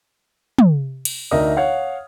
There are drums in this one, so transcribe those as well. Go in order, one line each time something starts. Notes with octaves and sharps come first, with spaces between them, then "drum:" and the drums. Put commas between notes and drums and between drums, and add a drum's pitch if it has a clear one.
drum: tom
drum: cymbal
D2 D4 D#4 A#4 E5 D#6
C#5 F5 F#5